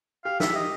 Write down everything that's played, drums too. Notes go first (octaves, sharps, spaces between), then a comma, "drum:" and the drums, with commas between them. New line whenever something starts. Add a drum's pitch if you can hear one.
G4 F5
E5, drum: snare
G4
D#5